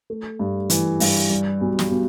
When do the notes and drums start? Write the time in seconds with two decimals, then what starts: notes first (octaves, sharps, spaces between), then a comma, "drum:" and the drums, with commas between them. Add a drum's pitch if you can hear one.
0.10 A3
0.39 G2
0.70 E3, drum: hi-hat
1.00 G2, drum: open hi-hat
1.30 G3
1.61 B1
1.79 drum: snare
1.91 B2